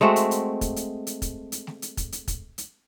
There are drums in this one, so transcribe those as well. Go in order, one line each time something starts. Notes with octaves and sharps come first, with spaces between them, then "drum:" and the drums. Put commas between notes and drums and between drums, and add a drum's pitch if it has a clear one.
G#3 A3 C4 F#4
drum: hi-hat
drum: hi-hat
drum: kick, hi-hat
drum: hi-hat
drum: hi-hat
drum: kick, hi-hat
drum: hi-hat
drum: snare A3
drum: hi-hat
drum: kick, hi-hat
drum: hi-hat
drum: kick, hi-hat
drum: hi-hat